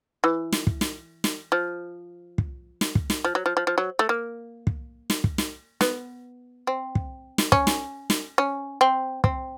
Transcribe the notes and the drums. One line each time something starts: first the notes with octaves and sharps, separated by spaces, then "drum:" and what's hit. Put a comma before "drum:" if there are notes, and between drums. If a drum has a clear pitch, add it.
E3
drum: snare
drum: kick
drum: snare
drum: snare
F3
drum: kick
drum: snare
drum: kick
drum: snare
F3
F#3
F3
F3
F3
F#3
A3
A#3
drum: kick
drum: snare
drum: kick
drum: snare
B3, drum: snare
C4
drum: kick
drum: snare
C#4, drum: kick
drum: snare
drum: snare
C#4
C4
C4, drum: kick